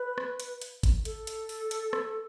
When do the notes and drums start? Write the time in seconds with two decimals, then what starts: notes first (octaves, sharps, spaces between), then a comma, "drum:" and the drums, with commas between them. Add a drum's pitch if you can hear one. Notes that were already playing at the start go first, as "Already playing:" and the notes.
Already playing: B4
0.18 drum: rim click
0.40 drum: hi-hat
0.61 drum: hi-hat
0.83 drum: kick, hi-hat
1.05 A4, drum: hi-hat
1.27 drum: hi-hat
1.49 drum: open hi-hat
1.71 drum: hi-hat
1.93 drum: rim click